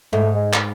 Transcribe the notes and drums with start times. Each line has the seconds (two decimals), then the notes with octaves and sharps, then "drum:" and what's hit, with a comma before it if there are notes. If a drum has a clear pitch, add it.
0.13 G#2 A3
0.35 G#3
0.53 drum: clap